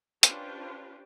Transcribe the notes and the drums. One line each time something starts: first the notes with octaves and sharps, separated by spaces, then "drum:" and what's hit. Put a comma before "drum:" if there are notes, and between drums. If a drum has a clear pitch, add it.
C#4 D4 F4 G4 B4 C5, drum: hi-hat